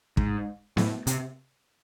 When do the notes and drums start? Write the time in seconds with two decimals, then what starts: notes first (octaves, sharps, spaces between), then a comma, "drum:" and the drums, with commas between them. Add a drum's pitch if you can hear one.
0.17 G#2, drum: kick
0.77 A2, drum: snare B3
1.07 C3, drum: hi-hat